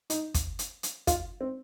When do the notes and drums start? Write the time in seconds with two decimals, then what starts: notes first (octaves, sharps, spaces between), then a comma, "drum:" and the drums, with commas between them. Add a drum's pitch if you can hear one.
0.10 D#4, drum: hi-hat
0.34 drum: kick, hi-hat
0.59 drum: hi-hat
0.83 drum: hi-hat
1.07 F4, drum: kick, hi-hat
1.41 C4